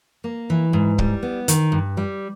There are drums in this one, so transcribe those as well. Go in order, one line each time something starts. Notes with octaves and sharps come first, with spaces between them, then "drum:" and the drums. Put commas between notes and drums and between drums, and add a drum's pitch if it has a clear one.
A#3
E3
G#2
G3, drum: kick
B3
D#3, drum: hi-hat
G2
G3